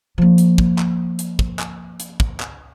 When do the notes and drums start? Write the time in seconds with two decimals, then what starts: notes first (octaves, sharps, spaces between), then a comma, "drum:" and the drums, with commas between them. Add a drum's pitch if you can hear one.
0.18 F3 A#3
0.38 drum: hi-hat
0.58 drum: kick
0.78 drum: clap
1.19 drum: hi-hat
1.39 drum: kick
1.59 drum: clap
2.00 drum: hi-hat
2.20 drum: kick
2.40 drum: clap